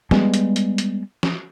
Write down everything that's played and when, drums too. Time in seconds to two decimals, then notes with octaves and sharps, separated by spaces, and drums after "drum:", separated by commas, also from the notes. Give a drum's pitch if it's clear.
0.11 G3 G#3 B3, drum: snare
0.34 drum: hi-hat
0.56 drum: hi-hat
0.78 drum: hi-hat
1.23 drum: snare